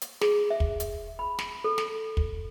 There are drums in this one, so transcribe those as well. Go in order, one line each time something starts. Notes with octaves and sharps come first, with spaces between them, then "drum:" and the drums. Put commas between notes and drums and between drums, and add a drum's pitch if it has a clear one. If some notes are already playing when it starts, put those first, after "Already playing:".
drum: hi-hat
G#4, drum: snare
E5
drum: kick
drum: hi-hat
B5
drum: snare
A4
drum: snare
drum: kick